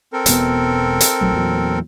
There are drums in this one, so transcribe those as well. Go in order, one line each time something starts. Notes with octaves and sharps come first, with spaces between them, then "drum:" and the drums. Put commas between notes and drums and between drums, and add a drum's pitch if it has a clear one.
C4 A4 A#4
E1 B2 B3, drum: hi-hat
drum: hi-hat
A#1 F#3 A3
E2 A#2 F#3